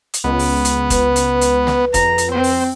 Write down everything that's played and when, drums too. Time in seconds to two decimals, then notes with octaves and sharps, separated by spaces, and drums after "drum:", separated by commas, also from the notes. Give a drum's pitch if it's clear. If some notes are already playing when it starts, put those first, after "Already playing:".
0.14 drum: hi-hat
0.24 C#2 B3
0.39 drum: open hi-hat
0.65 drum: hi-hat
0.90 B4, drum: kick, hi-hat
1.16 drum: hi-hat
1.41 drum: hi-hat
1.67 drum: snare
1.94 F2 A#5, drum: kick, hi-hat
2.18 drum: hi-hat
2.32 C4 C5
2.44 drum: open hi-hat